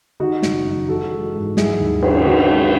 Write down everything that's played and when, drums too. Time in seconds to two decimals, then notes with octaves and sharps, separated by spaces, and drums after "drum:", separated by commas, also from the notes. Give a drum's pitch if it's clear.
0.20 D#3 D#4 F#4
0.43 F#1, drum: snare
0.66 F#2
0.88 E3 F#4 A4
1.11 G#3
1.34 G#2
1.57 F#3 E4 G#4, drum: snare
1.80 D#2
2.02 C#3, drum: cymbal
2.26 D#3 D#4 F#4
2.48 G#3